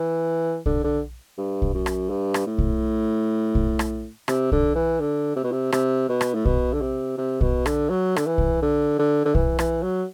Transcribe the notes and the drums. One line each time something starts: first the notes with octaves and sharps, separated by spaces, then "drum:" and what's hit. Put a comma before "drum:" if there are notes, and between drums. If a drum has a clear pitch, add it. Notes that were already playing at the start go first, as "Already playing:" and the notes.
Already playing: E3
D3, drum: kick
D3
G2
drum: kick
F#2
drum: rim click
G2
drum: rim click
A2
drum: kick
drum: kick
drum: rim click
C3, drum: rim click
D3, drum: kick
E3
D3
C3
B2
C3
C3, drum: rim click
B2
drum: rim click
A2
B2, drum: kick
D3
C3
C3
B2, drum: kick
D3, drum: rim click
F#3
D3, drum: rim click
E3
drum: kick
D3
D3
D3
E3, drum: kick
E3, drum: rim click
F#3